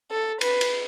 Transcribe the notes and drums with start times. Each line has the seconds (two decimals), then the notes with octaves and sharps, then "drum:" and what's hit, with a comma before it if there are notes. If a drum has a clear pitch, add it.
0.11 A4
0.41 B4, drum: cymbal
0.61 drum: cymbal